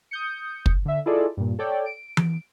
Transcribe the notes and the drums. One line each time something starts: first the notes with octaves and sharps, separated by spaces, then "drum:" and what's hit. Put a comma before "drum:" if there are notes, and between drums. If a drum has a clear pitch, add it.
D#6 G6 C#7
drum: kick
D3 E5
E4 F4 G#4 A4 D5 D#5
G2 A#2
A4 C#5 D5 G5
D7
drum: tom E3